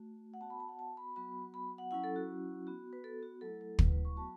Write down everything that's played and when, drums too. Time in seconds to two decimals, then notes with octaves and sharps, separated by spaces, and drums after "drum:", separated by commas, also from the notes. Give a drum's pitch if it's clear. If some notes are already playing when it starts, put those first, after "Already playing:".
Already playing: A3 F#4
0.34 F#5
0.41 B3 F#4 A5
0.50 B5
0.60 A5
0.69 F#5
0.79 A5
0.97 B5
1.16 F#3 B3 F#4 B5
1.54 B5
1.78 F#5
1.91 F#3 C#4 E4 F#5
2.04 A4
2.16 F#4
2.67 B3 F#4
2.93 B4
3.04 A4
3.23 F#4
3.41 F#3 A3 E4 A4
3.61 A4
3.79 B4, drum: kick
3.92 B4
4.05 C#6
4.17 F#3 B3 F#4 A5